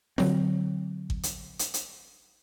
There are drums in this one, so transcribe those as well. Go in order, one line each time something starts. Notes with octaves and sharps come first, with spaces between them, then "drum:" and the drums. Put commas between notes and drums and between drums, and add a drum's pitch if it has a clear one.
D3 F#3 C4, drum: snare
drum: kick G#1
drum: hi-hat
drum: hi-hat
drum: hi-hat